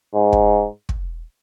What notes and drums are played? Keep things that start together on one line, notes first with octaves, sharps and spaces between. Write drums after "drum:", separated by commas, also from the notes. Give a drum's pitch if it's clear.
G#2
drum: kick
drum: kick